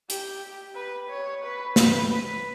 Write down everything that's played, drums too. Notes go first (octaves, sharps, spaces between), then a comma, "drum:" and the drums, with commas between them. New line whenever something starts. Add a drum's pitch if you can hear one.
G4, drum: hi-hat
B4
C#5
B4
B4, drum: snare
B4